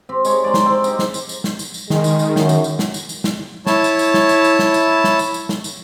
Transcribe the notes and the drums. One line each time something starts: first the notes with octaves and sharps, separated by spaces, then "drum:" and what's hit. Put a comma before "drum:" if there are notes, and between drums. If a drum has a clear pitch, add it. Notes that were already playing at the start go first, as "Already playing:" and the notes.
C4 G4
G#3 D#4 C#5, drum: tambourine
D5 G#5 A#5 C6
drum: snare
C4
C4 D#4 G4, drum: tambourine
drum: snare
drum: tambourine
drum: tambourine
drum: snare
drum: tambourine
drum: tambourine
D#3 G#3, drum: snare
drum: tambourine
drum: tambourine
F#2, drum: snare
drum: tambourine
drum: tambourine
drum: snare
drum: tambourine
drum: tambourine
drum: snare
E4 C#5 A5, drum: snare
drum: tambourine
drum: tambourine
drum: snare
drum: tambourine
drum: tambourine
drum: snare
drum: tambourine
drum: snare
drum: tambourine
drum: tambourine
drum: snare
drum: tambourine